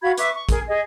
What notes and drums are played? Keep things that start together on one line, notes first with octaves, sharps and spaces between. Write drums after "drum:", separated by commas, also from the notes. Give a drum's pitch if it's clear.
F#4 F5 B5 G#6
B4 E5 C#6 D6, drum: hi-hat
C#6
G#4 A#4, drum: kick, hi-hat
G#4 D#5